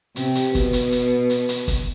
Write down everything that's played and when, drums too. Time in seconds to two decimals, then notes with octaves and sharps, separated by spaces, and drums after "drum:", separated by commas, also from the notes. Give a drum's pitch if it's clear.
0.16 C3, drum: hi-hat
0.35 drum: hi-hat
0.55 B2, drum: kick, hi-hat
0.73 drum: hi-hat
0.92 drum: hi-hat
1.30 drum: hi-hat
1.49 drum: hi-hat
1.68 drum: kick, hi-hat